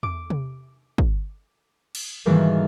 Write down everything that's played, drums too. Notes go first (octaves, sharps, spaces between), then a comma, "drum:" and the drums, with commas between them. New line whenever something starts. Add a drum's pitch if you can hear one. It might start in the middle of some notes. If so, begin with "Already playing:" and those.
D6, drum: tom E2
drum: tom C3
drum: kick
drum: cymbal
G#2 B2 D#3 E3 G3 A#3